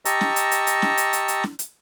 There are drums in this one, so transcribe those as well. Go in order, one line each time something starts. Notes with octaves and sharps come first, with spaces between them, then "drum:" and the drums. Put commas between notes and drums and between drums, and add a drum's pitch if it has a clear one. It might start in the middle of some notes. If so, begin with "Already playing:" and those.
G4 D#5 A5 A#5 C#6 E6, drum: hi-hat
drum: snare
drum: hi-hat
drum: hi-hat
drum: hi-hat
drum: snare
drum: hi-hat
drum: hi-hat
drum: hi-hat
drum: snare
drum: hi-hat